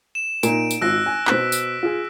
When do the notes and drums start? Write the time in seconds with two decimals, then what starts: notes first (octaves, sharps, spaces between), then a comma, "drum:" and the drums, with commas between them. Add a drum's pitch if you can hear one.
0.15 E7
0.43 A#2 D#4 D7, drum: tambourine
0.70 drum: tambourine
0.81 G#1 F4 E6 F#6 A#6
1.06 G#5
1.27 B2 C5 F#6 B6, drum: clap
1.52 drum: tambourine
1.83 F4 G#4